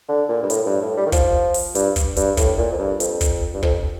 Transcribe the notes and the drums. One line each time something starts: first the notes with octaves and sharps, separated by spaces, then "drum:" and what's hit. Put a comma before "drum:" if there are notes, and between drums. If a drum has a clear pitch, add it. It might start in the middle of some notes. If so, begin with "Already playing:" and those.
D3
A#2
G2
A2, drum: hi-hat
G2
A2
G3
D#3
F3, drum: kick, hi-hat
drum: open hi-hat
G2, drum: hi-hat
drum: kick, hi-hat
G2, drum: hi-hat
A2, drum: kick, hi-hat
A#2
F2
G2
F2, drum: hi-hat
drum: kick, hi-hat
G2
F2, drum: kick